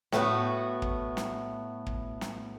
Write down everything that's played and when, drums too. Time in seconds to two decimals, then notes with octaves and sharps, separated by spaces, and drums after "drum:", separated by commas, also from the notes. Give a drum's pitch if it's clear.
0.12 A2 A3 B3 F#4, drum: snare
0.82 drum: kick
1.17 drum: snare
1.86 drum: kick
2.21 drum: snare